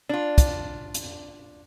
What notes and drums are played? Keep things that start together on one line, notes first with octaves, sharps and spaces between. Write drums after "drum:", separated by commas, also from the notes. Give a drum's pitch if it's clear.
D4 F4
drum: kick, hi-hat
drum: hi-hat